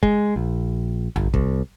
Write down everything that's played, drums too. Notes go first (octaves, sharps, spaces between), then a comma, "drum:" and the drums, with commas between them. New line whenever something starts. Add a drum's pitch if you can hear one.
G#3, drum: kick
A#1
G1, drum: tom A#1
C2, drum: kick